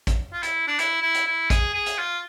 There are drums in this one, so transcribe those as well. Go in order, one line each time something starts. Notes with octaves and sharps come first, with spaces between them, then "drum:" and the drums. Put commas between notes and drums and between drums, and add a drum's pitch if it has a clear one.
drum: kick A1, hi-hat
F4
E4, drum: hi-hat
D4
E4, drum: hi-hat
E4
drum: hi-hat
E4
G#4, drum: kick A1, hi-hat
G#4
drum: hi-hat
F4